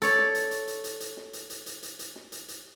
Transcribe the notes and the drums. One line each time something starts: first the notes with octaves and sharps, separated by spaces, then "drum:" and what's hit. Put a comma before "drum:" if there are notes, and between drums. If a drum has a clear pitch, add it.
A4 C#5 D5, drum: hi-hat
drum: snare
drum: hi-hat
drum: hi-hat
drum: hi-hat
drum: hi-hat
drum: hi-hat
drum: snare
drum: hi-hat
drum: hi-hat
drum: hi-hat
drum: hi-hat
drum: hi-hat
drum: snare
drum: hi-hat
drum: hi-hat